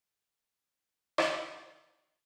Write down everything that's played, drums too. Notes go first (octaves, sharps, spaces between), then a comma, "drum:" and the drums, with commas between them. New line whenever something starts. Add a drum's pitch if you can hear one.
D5
C5
drum: rim click